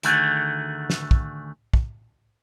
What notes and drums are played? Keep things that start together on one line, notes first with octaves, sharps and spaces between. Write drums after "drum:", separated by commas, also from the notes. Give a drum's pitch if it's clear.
D2 D3 D#3 A3 F#4 G#4, drum: hi-hat
drum: snare
drum: kick
drum: kick